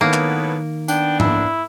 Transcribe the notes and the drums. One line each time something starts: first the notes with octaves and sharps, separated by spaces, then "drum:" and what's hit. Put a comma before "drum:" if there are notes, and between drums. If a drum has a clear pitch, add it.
A2 D#3 F#3 A#3 B3
drum: clap
B3 D4 G5, drum: tambourine
E4, drum: tom G#2